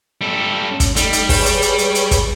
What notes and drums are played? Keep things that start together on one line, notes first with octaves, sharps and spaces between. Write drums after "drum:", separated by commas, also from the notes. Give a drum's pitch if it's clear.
G3 A4
C#4
drum: kick, hi-hat
G3 A3 D#4, drum: hi-hat
drum: hi-hat
G#4 B4 C#5, drum: kick, open hi-hat
drum: hi-hat
drum: hi-hat
drum: hi-hat
drum: hi-hat
drum: kick, hi-hat